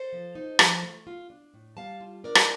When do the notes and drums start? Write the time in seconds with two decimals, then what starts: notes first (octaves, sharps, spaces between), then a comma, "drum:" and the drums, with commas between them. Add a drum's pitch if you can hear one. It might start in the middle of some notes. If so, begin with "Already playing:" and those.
Already playing: A4 C5
0.13 F3
0.35 D#4
0.59 F3, drum: rim click
0.83 A3
1.07 F4
1.30 D4
1.54 A2
1.77 G3 F5 A5
2.01 F4
2.24 D4 A#4 D5
2.35 drum: rim click